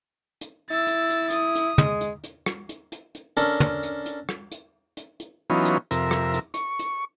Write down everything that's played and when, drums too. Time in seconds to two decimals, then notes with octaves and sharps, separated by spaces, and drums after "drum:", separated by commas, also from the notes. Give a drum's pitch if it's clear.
0.41 drum: hi-hat
0.70 E4 E6 A6
0.87 drum: hi-hat
1.10 drum: hi-hat
1.30 D#6, drum: hi-hat
1.55 drum: hi-hat
1.78 G#3, drum: tom
2.01 drum: hi-hat
2.24 drum: hi-hat
2.46 drum: rim click
2.69 drum: hi-hat
2.92 drum: hi-hat
3.15 drum: hi-hat
3.37 C#4 D4 A4 A#4, drum: hi-hat
3.60 drum: tom
3.83 drum: hi-hat
4.06 drum: hi-hat
4.29 drum: rim click
4.52 drum: hi-hat
4.97 drum: hi-hat
5.20 drum: hi-hat
5.50 E3 F#3 B3 C#4 D#4 F4
5.65 drum: hi-hat
5.91 F2 C3 A#4 E5, drum: hi-hat
6.11 drum: rim click
6.34 drum: hi-hat
6.54 C#6, drum: hi-hat
6.79 drum: hi-hat